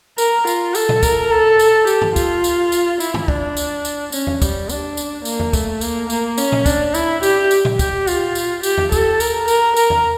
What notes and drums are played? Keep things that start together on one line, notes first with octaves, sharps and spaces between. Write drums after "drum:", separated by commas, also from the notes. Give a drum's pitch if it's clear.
A#4, drum: tambourine
F4, drum: tambourine
A4, drum: tambourine
drum: tom A#2
A#4, drum: kick, tambourine
A4
drum: tambourine
G4, drum: tambourine
drum: tom G2
F4, drum: kick, tambourine
drum: tambourine
drum: tambourine
E4, drum: tambourine
drum: tom G2
D4, drum: kick
drum: tambourine
drum: tambourine
C#4, drum: tambourine
drum: tom E2
G3, drum: kick, tambourine
D4, drum: tambourine
drum: tambourine
A#3, drum: tambourine
drum: tom E2
A3, drum: kick, tambourine
A#3, drum: tambourine
A#3, drum: tambourine
C#4, drum: tambourine
drum: tom A#2
D4, drum: kick, tambourine
E4, drum: tambourine
G4, drum: tambourine
drum: tambourine
drum: tom A#2
G4, drum: kick, tambourine
F4, drum: tambourine
drum: tambourine
G4, drum: tambourine
drum: tom E2
A4, drum: kick, tambourine
A#4, drum: tambourine
A#4, drum: tambourine
A#4, drum: tambourine
drum: tom E2